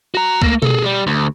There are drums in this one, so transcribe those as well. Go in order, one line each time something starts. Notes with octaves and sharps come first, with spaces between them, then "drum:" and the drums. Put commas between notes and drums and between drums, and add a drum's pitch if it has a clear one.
F#4 A#5
A3 A#3, drum: kick
G#4 A4, drum: tom B2
G3
D2